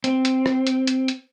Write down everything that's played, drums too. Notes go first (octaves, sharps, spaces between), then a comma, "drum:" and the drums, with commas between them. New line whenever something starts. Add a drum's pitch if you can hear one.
C4, drum: hi-hat
drum: hi-hat
drum: rim click
drum: hi-hat
drum: hi-hat
drum: hi-hat